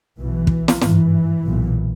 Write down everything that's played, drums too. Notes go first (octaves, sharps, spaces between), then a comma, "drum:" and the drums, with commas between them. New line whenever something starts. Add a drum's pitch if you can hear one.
B1 B2 E3
drum: kick
drum: snare
G#1 G2 E3, drum: snare
B1 A#2